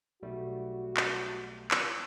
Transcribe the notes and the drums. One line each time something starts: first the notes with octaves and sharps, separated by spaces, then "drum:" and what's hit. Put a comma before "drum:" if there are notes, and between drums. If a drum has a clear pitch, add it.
B1 G3 A3 F#4
drum: clap
drum: clap